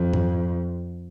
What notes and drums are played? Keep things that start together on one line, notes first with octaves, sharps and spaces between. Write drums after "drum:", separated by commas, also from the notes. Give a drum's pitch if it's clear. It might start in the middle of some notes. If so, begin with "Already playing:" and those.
Already playing: F2
drum: tom G#2